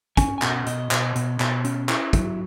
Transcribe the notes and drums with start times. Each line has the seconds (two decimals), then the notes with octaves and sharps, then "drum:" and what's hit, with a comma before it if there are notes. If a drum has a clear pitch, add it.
0.17 C#4 G#5, drum: kick, hi-hat
0.38 G#5
0.42 B2 F#5, drum: clap
0.66 B2 D#5, drum: hi-hat
0.91 B2, drum: clap
1.16 B2, drum: hi-hat
1.40 B2, drum: clap
1.64 C#4, drum: hi-hat
1.89 E4, drum: clap
2.13 F#3, drum: kick, hi-hat